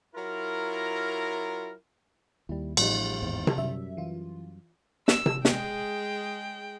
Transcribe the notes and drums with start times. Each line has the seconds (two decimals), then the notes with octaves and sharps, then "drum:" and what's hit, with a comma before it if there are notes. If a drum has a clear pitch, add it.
0.15 F#3 E4 F4 A#4
2.49 D#2 G3 E4
2.77 A1 A2 F3 G3 D#4, drum: cymbal
3.22 G#1 E2 G#2
3.47 drum: tom C3
3.58 F#2 G3 E5
3.97 E3 F4
5.08 E6, drum: snare
5.26 drum: tom C3
5.45 G#3 G#4 G5, drum: snare